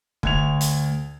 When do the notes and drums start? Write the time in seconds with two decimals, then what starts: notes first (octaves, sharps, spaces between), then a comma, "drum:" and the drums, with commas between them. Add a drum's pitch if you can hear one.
0.23 D2 G#6 F7, drum: kick
0.61 drum: hi-hat